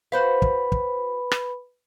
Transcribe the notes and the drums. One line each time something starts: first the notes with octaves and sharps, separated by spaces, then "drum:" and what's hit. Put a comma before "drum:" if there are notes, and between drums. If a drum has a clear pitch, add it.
F#4 B4 C5 F5 B5
drum: kick
drum: kick
drum: rim click